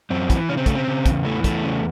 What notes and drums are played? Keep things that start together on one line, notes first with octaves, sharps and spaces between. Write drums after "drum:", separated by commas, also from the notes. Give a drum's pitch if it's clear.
F#2 C4
E3, drum: kick, hi-hat
C#3 C#4
C4
C#3 A3, drum: kick, hi-hat
C4
C#3
E2, drum: kick, hi-hat
E3 A3
E2 A3, drum: kick, hi-hat
C#3